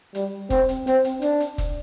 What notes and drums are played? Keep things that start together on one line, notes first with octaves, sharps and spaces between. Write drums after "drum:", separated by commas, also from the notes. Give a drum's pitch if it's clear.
G3, drum: hi-hat
C4, drum: kick, hi-hat
drum: hi-hat
C4, drum: hi-hat
drum: hi-hat
D4, drum: hi-hat
drum: hi-hat
drum: kick, hi-hat